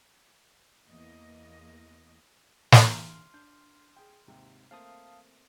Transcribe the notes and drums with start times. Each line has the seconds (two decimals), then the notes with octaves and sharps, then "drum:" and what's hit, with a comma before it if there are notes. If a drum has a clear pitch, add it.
0.89 E2 A#3 D#5
2.72 drum: snare
2.88 C6 F6
3.34 D4 G6
3.96 G#4 G5
4.28 D#2 G#2 C3
4.71 A3 A#3 C4 F5 A5 D#6